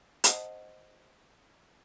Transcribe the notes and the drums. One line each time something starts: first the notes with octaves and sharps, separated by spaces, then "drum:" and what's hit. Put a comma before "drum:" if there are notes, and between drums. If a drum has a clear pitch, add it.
C5 D#5 F#5 A5 D#6, drum: hi-hat